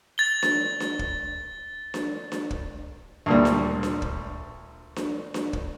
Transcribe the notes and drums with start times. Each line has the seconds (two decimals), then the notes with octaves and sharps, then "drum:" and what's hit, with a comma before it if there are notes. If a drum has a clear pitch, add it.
0.18 A6 G7
0.42 drum: snare D4
0.80 drum: snare D4
0.99 drum: kick
1.94 drum: snare D4
2.32 drum: snare D4
2.51 drum: kick
3.26 D2 A#2 G3
3.45 drum: snare D4
3.83 drum: snare D4
4.02 drum: kick
4.96 drum: snare D4
5.34 drum: snare D4
5.53 drum: kick